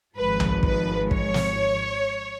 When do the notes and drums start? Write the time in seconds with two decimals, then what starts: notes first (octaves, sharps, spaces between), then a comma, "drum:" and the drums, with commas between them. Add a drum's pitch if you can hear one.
0.17 G#1 G#2 F3 B4
0.40 drum: tom C2
0.63 B4, drum: kick
1.11 C#5, drum: kick
1.34 drum: snare